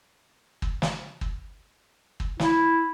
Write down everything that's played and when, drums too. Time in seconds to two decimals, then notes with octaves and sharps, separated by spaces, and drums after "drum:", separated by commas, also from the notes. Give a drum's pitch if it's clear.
0.62 drum: kick
0.82 drum: snare
1.21 drum: kick
2.20 drum: kick
2.39 E4, drum: snare